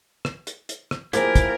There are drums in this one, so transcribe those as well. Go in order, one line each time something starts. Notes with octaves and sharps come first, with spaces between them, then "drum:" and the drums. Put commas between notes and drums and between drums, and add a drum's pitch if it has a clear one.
drum: rim click
drum: hi-hat
drum: hi-hat
drum: rim click
F3 A#3 E4 G4 G#4 A#4, drum: hi-hat
drum: kick, hi-hat